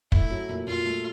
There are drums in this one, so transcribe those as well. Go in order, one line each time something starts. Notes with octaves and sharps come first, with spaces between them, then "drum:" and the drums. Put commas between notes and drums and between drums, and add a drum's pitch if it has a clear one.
A3 E4, drum: kick
F#3
A#2
A#2 F4
A3